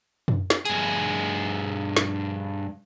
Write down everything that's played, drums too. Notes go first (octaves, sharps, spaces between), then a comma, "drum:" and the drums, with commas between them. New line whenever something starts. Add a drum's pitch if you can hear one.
drum: tom F#2
drum: snare
G2 G#4, drum: hi-hat
drum: snare